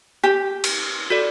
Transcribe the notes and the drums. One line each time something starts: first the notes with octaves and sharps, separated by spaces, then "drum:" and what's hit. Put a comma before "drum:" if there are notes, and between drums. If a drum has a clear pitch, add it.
G4
drum: cymbal
F#4 A4 D5